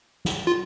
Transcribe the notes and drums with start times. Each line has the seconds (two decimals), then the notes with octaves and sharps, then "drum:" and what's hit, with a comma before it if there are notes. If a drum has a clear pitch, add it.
0.25 drum: snare
0.47 F4